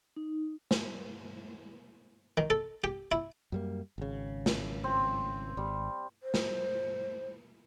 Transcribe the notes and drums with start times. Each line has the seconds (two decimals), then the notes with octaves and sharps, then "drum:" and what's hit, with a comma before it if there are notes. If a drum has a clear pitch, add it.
0.16 D#4
0.71 drum: snare
2.37 D#3
2.50 A4
2.84 G4
3.12 E4
3.52 F#2 G3 A#3
3.98 G#1 C#3
4.46 drum: snare
4.84 C4
5.57 G#1 G3
6.23 C5
6.34 drum: snare